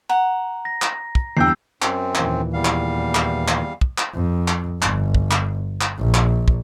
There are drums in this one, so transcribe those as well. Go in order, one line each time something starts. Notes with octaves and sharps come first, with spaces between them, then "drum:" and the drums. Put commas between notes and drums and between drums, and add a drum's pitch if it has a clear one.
F#5 A#5
A#6
drum: clap
drum: kick
E2 G2 G5 E6 G6 C7
F#2 C4, drum: clap
D#2 A#2 E3, drum: clap
E2 G3 F5
drum: clap
drum: clap
drum: clap
drum: kick
drum: clap
F2
drum: clap
G1, drum: clap
drum: kick
drum: clap
drum: clap
A#1
drum: clap
drum: kick